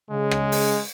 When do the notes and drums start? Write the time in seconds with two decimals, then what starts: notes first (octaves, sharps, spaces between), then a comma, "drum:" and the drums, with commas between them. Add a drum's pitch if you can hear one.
0.11 C#3 G#3
0.31 drum: rim click
0.52 drum: open hi-hat